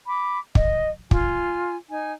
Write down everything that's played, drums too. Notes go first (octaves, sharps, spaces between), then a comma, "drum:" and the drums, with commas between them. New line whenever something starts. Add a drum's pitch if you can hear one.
B5 D6
D#5, drum: kick
F4 G#5, drum: kick
D#4 G#5